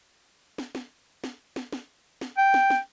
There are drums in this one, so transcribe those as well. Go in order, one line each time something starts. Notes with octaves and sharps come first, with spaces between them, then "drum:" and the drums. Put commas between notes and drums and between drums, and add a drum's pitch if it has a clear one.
drum: snare
drum: snare
drum: snare
drum: snare
drum: snare
drum: snare
G5
drum: snare
drum: snare